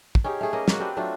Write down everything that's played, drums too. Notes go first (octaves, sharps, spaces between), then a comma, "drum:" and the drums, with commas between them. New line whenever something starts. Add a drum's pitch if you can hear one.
drum: kick
C#4 D#4 G4 G#4
A3 G#4
A#3 C#4 D#5
A#3 F#4, drum: snare
C4 D4 G4 B4
F#3 A3 D4 F4